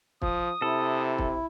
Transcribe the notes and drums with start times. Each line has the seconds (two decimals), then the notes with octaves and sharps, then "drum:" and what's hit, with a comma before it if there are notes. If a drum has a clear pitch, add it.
0.22 F3 D#6, drum: kick
0.62 C3 E4 A4
1.18 drum: kick